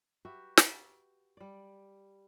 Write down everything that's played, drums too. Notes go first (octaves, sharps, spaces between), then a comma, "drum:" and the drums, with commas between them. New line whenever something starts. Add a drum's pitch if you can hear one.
F#4 G4 B4 E5
drum: snare
G3 D5